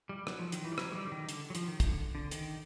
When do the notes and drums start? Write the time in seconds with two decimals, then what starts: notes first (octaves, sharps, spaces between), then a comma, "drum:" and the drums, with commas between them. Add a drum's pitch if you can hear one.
0.09 G3
0.27 F#3, drum: rim click
0.39 F3
0.52 D#3, drum: hi-hat
0.64 E3
0.72 G3
0.78 F#3, drum: rim click
0.92 G#3
0.95 G3
1.07 D3
1.12 D#3
1.29 D3, drum: hi-hat
1.50 F#3
1.55 F3, drum: hi-hat
1.68 D#3
1.80 D3, drum: kick, hi-hat
2.15 D3
2.31 D#3, drum: hi-hat